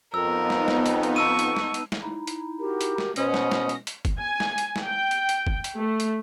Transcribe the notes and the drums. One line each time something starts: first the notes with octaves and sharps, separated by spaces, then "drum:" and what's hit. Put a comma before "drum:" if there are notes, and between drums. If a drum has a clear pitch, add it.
F2 B3 D#4 A#4 E6
drum: snare
drum: snare
drum: hi-hat
drum: hi-hat
A5 C#6 E6 D#7
drum: hi-hat
drum: snare
drum: hi-hat
drum: snare
D#4 E4
drum: hi-hat
F#4 G4 A#4
drum: hi-hat
drum: snare
B2 C#4 C5 D#5 D#6, drum: hi-hat
drum: snare
drum: snare
drum: hi-hat
drum: hi-hat
drum: kick, hi-hat
G#5
drum: snare
drum: hi-hat
drum: snare
G5
drum: hi-hat
drum: hi-hat
drum: kick
drum: hi-hat
A3
drum: hi-hat